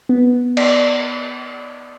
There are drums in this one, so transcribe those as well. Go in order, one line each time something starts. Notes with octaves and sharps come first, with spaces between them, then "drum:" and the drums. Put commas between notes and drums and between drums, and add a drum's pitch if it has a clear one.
B3
D5, drum: cymbal